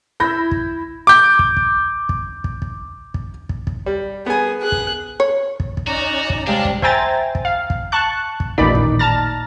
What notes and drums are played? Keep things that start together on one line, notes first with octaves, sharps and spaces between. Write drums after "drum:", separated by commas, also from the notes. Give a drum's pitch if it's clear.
E4 E5 B5 G6 A#6
drum: kick
D6 G6
drum: kick
drum: kick
drum: kick
drum: kick
drum: kick
drum: kick
drum: kick
drum: kick
G3
B3 G#4 G#5
G#4 F#6
drum: kick
C#5
drum: kick
drum: kick
C#4 D#4 F#4 D5 A#5
drum: kick
C3 G3 G#3 C#4 D4 F5 A5
drum: kick
C5 E5 G5 G#5 A#5 A6, drum: kick
drum: kick
F5
drum: kick
A5 C#6 F#6
drum: kick
A1 D#2 A#2 D#4 D5 B5
drum: kick
A5 A#5 F6 A6